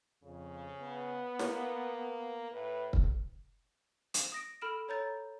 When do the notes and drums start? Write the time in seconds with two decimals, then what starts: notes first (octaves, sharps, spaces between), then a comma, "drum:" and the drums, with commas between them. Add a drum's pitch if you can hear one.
0.24 F2 C#3
0.81 B3
1.39 A#3, drum: snare
2.52 A2 B4
2.93 drum: kick C#1
4.14 E7, drum: hi-hat
4.32 D#6 A#6 D7
4.61 A4 B5 F6 D7 E7
4.88 A4 C#5 A#5 G6 A6